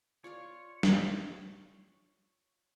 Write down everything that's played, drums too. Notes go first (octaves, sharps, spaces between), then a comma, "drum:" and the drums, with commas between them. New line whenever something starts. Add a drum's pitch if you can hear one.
F4 C#5 D5 F5
drum: snare